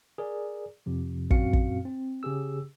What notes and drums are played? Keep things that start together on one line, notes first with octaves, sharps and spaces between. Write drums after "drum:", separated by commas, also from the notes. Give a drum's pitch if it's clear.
G#4 A#4 D5
F2 C3 F3
F#2 A#2 C4 F#4 F5 C#7, drum: kick
drum: kick
C4
C#3 G4 G#4 E6